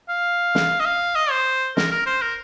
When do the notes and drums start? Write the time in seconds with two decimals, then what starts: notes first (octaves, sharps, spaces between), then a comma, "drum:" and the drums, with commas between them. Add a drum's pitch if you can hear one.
0.09 F5
0.55 drum: snare
0.80 D#5
0.85 F5
1.16 D#5
1.31 C5
1.77 A#4, drum: snare
1.92 A#4
2.06 C5
2.22 A#4